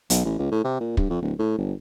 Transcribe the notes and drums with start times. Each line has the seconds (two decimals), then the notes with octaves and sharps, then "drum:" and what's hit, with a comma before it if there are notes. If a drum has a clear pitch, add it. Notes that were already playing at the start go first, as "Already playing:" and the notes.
0.10 B1, drum: hi-hat
0.25 A1
0.39 C#2
0.52 A2
0.64 C3
0.80 A#2
0.97 G2, drum: kick
1.10 F2
1.22 D1
1.39 A2
1.58 G1